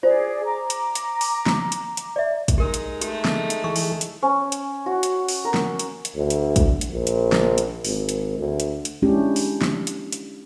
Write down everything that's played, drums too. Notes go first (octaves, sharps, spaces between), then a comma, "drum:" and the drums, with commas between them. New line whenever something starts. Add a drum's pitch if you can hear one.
F4 G#4 C5 D5
A#5 D6
drum: hi-hat
drum: hi-hat
drum: open hi-hat
drum: snare
drum: hi-hat
drum: hi-hat
D5 E5
drum: kick, hi-hat
G#3 D#4 G4 A#4
drum: hi-hat
A3 G4, drum: hi-hat
drum: snare
drum: hi-hat
E3 G#4 C#6
drum: open hi-hat
drum: hi-hat
C#4
drum: hi-hat
F#4
drum: hi-hat
drum: open hi-hat
A#4
drum: snare
drum: hi-hat
drum: hi-hat
D2
drum: hi-hat
drum: kick, hi-hat
drum: hi-hat
A#1
drum: hi-hat
drum: snare
drum: hi-hat
G#1, drum: open hi-hat
drum: hi-hat
D2
drum: hi-hat
drum: hi-hat
G#3 C#4 D4 E4 G4
drum: open hi-hat
drum: snare
drum: hi-hat
drum: hi-hat